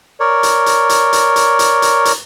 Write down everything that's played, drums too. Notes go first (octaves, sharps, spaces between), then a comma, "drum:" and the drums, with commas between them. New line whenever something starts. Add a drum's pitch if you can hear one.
A#4 C#5 D5
drum: hi-hat
drum: hi-hat
drum: hi-hat
drum: hi-hat
drum: hi-hat
drum: hi-hat
drum: hi-hat
drum: hi-hat